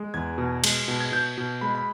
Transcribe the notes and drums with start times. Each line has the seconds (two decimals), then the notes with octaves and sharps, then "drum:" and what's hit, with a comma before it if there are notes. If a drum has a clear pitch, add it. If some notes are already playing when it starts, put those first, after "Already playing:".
Already playing: G#3
0.14 E2 G#6
0.38 B2
0.64 G#3, drum: cymbal
0.88 B2
1.00 G#6
1.12 B2 G6
1.38 B2
1.61 G#3 B5
1.75 B5